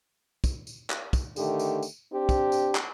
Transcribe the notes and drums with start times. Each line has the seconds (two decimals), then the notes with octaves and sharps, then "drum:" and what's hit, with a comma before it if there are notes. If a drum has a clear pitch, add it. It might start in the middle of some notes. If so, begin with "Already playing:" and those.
0.44 drum: kick, tambourine
0.67 drum: tambourine
0.90 drum: clap
1.13 drum: kick, tambourine
1.36 D3 D#3 A3 G4, drum: tambourine
1.59 drum: tambourine
1.83 drum: tambourine
2.13 C4 D4 G4
2.29 drum: kick, tambourine
2.52 drum: tambourine
2.75 drum: clap